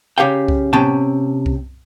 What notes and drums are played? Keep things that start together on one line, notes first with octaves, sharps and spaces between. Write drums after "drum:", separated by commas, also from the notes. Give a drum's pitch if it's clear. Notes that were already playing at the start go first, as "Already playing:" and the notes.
C#3 G4 C#5 F5 G5
drum: kick C2
C3 B3 C#4 G5 A5, drum: tom A2
drum: kick C2